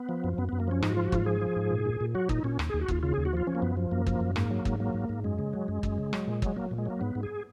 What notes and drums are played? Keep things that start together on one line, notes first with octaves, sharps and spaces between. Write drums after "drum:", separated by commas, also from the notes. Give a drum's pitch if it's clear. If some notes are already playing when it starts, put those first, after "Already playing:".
Already playing: B3
F3
F#2
F#2 B3
F#2 B3
A#3
F3 C#4
G#2 D#4, drum: rim click
F#4
F3 F4
F#4
G#2 F4, drum: kick
F3 G#4
F3
G#2
A#2
A#2
A#2
F#3 F#4
A#2 D#4, drum: kick
A#2 C#4
D#2, drum: rim click
D#2 G#4
F#4
D#2 F4, drum: kick
C#3 F4
D#2 G#4
F#4
F3 F4
F3 C#4
A#3
F#2 B3
F3
F#2 A#3
F3, drum: kick
F#2
G#2 A#3, drum: rim click
F#3
G#2, drum: kick
F#3 A#3
G#2
G#2
F#2 G#3
C#3
F#3
F#2
F#2, drum: kick
C#3
F#3, drum: rim click
A#2
F#3 G#3, drum: kick
F#3 A#3
A#2
G#3
F#3 A#3
G#2 B3
G#2
G#4